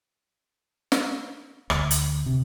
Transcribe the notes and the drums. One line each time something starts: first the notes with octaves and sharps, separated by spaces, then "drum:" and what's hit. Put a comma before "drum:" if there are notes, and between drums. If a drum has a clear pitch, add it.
drum: snare
D2, drum: rim click
drum: hi-hat
C3